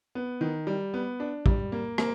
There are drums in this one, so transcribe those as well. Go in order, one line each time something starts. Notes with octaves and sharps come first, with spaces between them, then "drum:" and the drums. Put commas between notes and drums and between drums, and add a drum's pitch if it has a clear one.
B3
D#3
G3
B3
D4
G3, drum: kick
A#3
A#3, drum: rim click